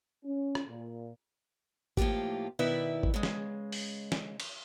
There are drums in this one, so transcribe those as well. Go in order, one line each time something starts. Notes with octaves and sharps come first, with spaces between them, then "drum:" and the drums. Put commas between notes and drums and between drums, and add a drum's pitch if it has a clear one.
C#4
drum: rim click
A#2
A2 F3 A#3 F4 G4, drum: kick G#1
B2 D#3 E4 B4 D5 E5
drum: kick G#1
C#3 G#3
drum: snare
drum: open hi-hat
drum: snare
drum: cymbal